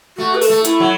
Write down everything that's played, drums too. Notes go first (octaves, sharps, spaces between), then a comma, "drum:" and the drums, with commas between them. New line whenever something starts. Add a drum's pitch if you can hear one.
A3 F#4
B4
A4, drum: open hi-hat
A3
E4, drum: hi-hat
F#3